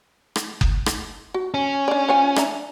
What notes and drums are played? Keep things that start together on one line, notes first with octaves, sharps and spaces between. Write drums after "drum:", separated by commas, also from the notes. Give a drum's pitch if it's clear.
drum: rim click
drum: kick F#1
drum: rim click
F#4
C#4
D4 D5
F3 C#5 G#5
D4 E5 A#5, drum: rim click